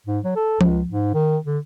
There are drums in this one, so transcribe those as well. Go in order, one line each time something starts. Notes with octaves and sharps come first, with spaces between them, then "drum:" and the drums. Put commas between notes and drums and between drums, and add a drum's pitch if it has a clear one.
G#2
F#3
A4
C#2, drum: tom F3
G#2
D#3
D3